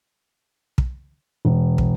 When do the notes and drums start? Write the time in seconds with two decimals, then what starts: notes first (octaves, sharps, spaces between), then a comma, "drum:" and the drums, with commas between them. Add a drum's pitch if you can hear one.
0.78 drum: kick
1.45 E1
1.78 drum: kick